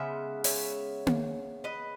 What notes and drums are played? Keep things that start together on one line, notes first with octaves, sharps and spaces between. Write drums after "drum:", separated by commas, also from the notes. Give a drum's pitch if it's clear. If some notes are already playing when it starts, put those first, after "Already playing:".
Already playing: C#3 G#3 B3 E5
C#5 E5, drum: open hi-hat
drum: tom A#3
B4 D#5